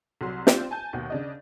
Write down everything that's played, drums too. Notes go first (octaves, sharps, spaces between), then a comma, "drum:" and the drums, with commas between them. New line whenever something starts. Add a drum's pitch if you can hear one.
C2 F#3 C6
C4 D4 F4 G4 C5, drum: snare
G#5 A5 G6
D#2 B2
C#3 D4 D#5